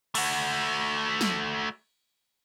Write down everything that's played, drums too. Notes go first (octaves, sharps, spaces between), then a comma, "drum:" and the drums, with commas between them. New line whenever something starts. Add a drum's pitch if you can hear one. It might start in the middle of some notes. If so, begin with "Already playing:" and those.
A3 F#4, drum: cymbal
drum: snare